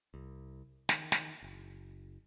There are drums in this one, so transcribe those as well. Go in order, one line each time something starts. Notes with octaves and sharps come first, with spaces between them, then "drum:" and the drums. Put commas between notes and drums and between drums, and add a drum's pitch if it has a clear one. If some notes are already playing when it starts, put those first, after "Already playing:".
C2
D#3, drum: snare
drum: snare
F#1